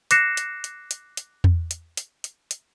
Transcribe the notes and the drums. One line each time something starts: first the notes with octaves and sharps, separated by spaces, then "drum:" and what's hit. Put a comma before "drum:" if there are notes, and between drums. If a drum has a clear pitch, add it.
D6 F#6 A#6 C7 C#7 E7, drum: hi-hat
drum: hi-hat
drum: hi-hat
drum: hi-hat
drum: hi-hat
drum: tom E2
drum: hi-hat
drum: hi-hat
drum: hi-hat
drum: hi-hat